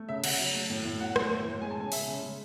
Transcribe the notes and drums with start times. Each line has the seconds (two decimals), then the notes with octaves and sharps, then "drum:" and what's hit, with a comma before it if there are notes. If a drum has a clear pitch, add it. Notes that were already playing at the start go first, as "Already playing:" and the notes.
Already playing: A3
0.09 C#3 E5
0.24 C#3 F#5, drum: cymbal
0.39 F#3
0.55 A3
0.70 A2
0.85 A2
1.00 F#3 F#5
1.16 A3, drum: rim click
1.31 A2
1.46 A2
1.62 G#3 G#5
1.71 A5
1.77 C#3 G#5
1.92 G#3 E5, drum: open hi-hat
2.07 C#3
2.22 G#3